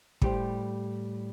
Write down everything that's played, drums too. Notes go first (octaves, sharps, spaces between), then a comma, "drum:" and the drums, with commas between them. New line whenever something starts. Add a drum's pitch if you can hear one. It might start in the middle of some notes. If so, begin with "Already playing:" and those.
A2 G3 G4 C5, drum: kick